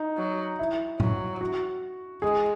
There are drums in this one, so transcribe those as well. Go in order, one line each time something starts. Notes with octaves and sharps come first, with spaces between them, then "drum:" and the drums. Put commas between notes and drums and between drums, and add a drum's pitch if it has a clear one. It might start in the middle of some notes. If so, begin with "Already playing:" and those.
Already playing: D#4
F#3
E4
F#3, drum: tom A2
F#4
G#3 G#4